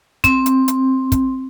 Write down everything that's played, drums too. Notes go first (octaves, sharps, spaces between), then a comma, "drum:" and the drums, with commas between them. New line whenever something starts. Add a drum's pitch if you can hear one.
C4, drum: kick, hi-hat
drum: hi-hat
drum: hi-hat
drum: kick, hi-hat